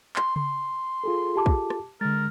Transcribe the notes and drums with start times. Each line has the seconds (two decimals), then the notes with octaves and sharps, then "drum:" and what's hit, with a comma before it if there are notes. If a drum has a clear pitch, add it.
0.16 C6, drum: clap
0.36 C6, drum: tom C#3
1.04 F4 G#4 A4
1.36 G4 A5 D6
1.46 drum: kick
1.70 drum: rim click
2.01 D3 G#3 A#4 A6